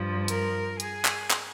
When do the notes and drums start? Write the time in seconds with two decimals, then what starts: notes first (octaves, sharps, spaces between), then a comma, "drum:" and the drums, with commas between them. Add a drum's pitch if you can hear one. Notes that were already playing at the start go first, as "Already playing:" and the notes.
Already playing: G2 F3
0.28 A#4, drum: hi-hat
0.80 G#4, drum: hi-hat
1.05 drum: clap
1.30 drum: clap